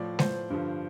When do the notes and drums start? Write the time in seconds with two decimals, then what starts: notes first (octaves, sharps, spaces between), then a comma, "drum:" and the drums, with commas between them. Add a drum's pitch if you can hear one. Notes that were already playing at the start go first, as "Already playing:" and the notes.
Already playing: A2 F3 D5
0.19 C5, drum: snare G#3
0.50 G2 D3 F3